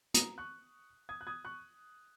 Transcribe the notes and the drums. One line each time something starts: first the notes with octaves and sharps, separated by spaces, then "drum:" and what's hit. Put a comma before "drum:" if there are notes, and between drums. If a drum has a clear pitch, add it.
A#5 D#6, drum: hi-hat
C#6 F#6
D#6 G#6
F#6
D#6 G#6
C#6 F#6